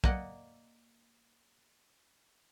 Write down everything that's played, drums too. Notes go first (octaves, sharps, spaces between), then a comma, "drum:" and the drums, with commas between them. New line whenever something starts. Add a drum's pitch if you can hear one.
A#3 D5 D#5 F#5, drum: kick